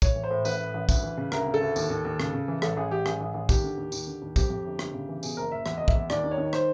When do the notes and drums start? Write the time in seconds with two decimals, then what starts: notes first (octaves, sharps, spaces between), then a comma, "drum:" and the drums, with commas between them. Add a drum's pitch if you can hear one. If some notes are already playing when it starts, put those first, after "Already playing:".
0.02 A2 C#5, drum: kick, tambourine
0.16 E3
0.24 C5
0.31 A2
0.45 A1 B4, drum: tambourine
0.60 A2
0.74 A1
0.89 D2, drum: kick, tambourine
1.03 E3
1.17 C#3
1.32 D2 A#4, drum: rim click
1.46 C#3
1.54 A4
1.61 D2
1.76 D#2, drum: tambourine
1.90 D#2
2.05 D#2
2.20 C#3, drum: rim click
2.33 C#3
2.48 E3
2.62 A1 A4, drum: rim click
2.77 A1 G#4
2.91 A1 G4
3.06 A1 G#4, drum: rim click
3.21 A1
3.34 A1
3.49 D#2 G4, drum: kick, tambourine
3.64 D3
3.78 D#2
3.92 D#2, drum: tambourine
4.07 D3
4.22 D#2
4.36 F2 G4, drum: kick, tambourine
4.50 F2
4.65 G1
4.79 G1, drum: rim click
4.93 C#3
5.09 E3
5.23 B2 G#4, drum: tambourine
5.37 F#1 A#4
5.52 F#1 E5
5.66 E2 E5, drum: rim click
5.77 F#1 D#5
5.88 E5, drum: kick
5.95 E2
6.10 D#2 D5, drum: rim click
6.24 D#3
6.31 C#5
6.38 D#3
6.53 C5, drum: rim click